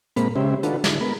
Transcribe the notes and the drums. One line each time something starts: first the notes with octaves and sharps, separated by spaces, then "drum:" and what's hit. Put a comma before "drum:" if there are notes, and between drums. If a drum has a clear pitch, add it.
A#2 G#3 A#3 C4 B5, drum: hi-hat
C#3 G#3 C#4 G4 C5 E5
D#3 D4 F4 F#4 A4 B4, drum: hi-hat
D3 E4, drum: snare
G#3 B3 A#4 B5